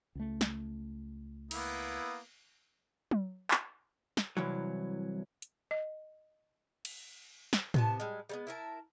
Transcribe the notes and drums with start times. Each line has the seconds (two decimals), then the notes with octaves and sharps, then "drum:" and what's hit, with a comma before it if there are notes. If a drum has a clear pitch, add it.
0.15 C#2 A3
0.41 drum: snare
1.51 A#3 B3 E4, drum: cymbal
3.11 drum: tom F#3
3.51 drum: clap
4.17 drum: snare
4.37 C2 E3 F#3
5.42 drum: hi-hat
5.71 D#5
6.85 drum: cymbal
7.53 drum: snare
7.74 C3 B3 A5, drum: tom A2
8.00 G3 G#3
8.29 G3 G#3 B3
8.47 E4 A#4 G#5 A5